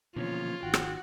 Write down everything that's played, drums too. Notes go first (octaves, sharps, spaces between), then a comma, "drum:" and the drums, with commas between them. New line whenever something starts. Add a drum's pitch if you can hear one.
B2 D3 E3 F3 A#3 C#4 F4 C#5
G#1 D#3 F#4 G5
drum: rim click